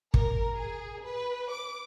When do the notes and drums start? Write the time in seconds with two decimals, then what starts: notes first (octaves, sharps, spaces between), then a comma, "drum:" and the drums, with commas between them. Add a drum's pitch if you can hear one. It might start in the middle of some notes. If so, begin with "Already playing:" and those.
0.14 A#4, drum: kick
0.56 G#4
1.05 B4
1.51 D6